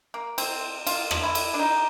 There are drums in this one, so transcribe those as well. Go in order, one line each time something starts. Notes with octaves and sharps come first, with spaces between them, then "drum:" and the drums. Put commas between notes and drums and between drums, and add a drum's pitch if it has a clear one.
A#3
C4, drum: cymbal
F4, drum: cymbal
drum: rim click
E4
drum: cymbal
D4
D#4